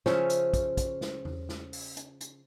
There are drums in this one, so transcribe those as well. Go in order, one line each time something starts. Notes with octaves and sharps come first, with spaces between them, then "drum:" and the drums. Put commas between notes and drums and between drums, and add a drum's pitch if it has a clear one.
C#3 F3 C#4 E5, drum: snare
drum: hi-hat
drum: kick, hi-hat
drum: kick, hi-hat
drum: snare
drum: tom E2
drum: snare
drum: open hi-hat
drum: hi-hat
drum: hi-hat